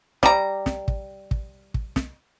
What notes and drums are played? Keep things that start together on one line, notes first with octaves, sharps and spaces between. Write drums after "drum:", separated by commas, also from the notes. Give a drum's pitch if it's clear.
G3 A#5, drum: snare
drum: snare
drum: kick
drum: kick
drum: kick
drum: snare